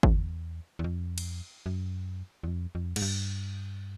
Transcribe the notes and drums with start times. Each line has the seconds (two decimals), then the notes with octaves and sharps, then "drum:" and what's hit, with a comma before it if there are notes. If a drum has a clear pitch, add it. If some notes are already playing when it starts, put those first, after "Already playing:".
0.03 E2, drum: kick
0.79 E2
0.84 F2
1.18 drum: cymbal
1.66 F#2
2.44 E2
2.48 F2
2.75 F2
2.96 G#2, drum: cymbal
3.02 G2